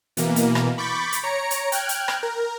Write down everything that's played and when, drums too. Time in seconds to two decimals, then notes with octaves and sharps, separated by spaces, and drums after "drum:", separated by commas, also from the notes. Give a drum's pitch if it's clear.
0.17 B2 E3 A#3, drum: hi-hat
0.36 drum: hi-hat
0.55 drum: rim click
0.78 B5 C#6 D6 G6 A6 B6
1.12 drum: hi-hat
1.23 C#5 A#5 C#7 D7
1.51 drum: hi-hat
1.72 G5 F6 F#6 G#6, drum: hi-hat
1.89 drum: hi-hat
2.08 drum: rim click
2.23 A#4